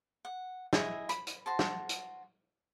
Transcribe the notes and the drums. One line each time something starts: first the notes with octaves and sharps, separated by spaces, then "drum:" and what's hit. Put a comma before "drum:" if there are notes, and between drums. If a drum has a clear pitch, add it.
F#5
E4 G#4 D#5 E5, drum: snare
B5, drum: hi-hat
drum: hi-hat
F#4 C5 A5
drum: snare
drum: hi-hat